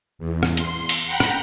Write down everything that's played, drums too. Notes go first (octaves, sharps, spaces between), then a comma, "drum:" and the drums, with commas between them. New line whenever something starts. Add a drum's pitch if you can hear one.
E2
drum: rim click
C6, drum: hi-hat
drum: open hi-hat
F#5 G5 A#5 B5
drum: rim click